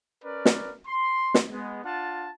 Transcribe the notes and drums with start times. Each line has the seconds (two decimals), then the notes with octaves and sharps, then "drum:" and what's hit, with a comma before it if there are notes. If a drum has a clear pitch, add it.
0.23 C#4 A#4 B4 D5
0.45 drum: snare
0.86 C6
1.34 drum: snare
1.50 G#3 B3
1.83 D4 F4 F#5 A5